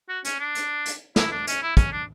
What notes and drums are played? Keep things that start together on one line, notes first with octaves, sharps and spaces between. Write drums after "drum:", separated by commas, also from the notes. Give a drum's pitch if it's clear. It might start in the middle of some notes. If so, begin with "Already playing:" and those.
F#4
C#4, drum: hi-hat
D4
drum: hi-hat
drum: hi-hat
E4, drum: snare
D4
C#4, drum: hi-hat
E4
C#4, drum: kick, hi-hat
D4